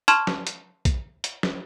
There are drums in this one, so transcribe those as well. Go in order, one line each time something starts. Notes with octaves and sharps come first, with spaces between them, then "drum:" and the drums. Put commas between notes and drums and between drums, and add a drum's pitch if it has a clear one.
A5 C6 C#6 F6 G#6 E7, drum: hi-hat
drum: snare
drum: hi-hat
drum: kick, hi-hat
drum: hi-hat
drum: snare